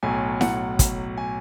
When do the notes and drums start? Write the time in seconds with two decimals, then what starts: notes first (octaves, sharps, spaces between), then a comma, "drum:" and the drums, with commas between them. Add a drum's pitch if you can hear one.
0.03 B1 A2 F#3 G#5
0.41 F#5, drum: snare E4
0.79 drum: kick, hi-hat
1.18 G#5